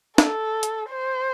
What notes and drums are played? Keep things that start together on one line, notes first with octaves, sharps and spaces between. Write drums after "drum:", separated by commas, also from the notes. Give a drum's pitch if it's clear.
A4, drum: snare
drum: hi-hat
C5